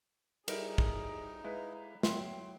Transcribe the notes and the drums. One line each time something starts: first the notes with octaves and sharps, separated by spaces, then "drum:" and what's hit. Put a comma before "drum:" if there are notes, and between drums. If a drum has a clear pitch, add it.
G3 D#4 E4 G#4 A#4, drum: cymbal
drum: kick
G#3 E4 B4 F5
F#3 E4 G5 C6, drum: snare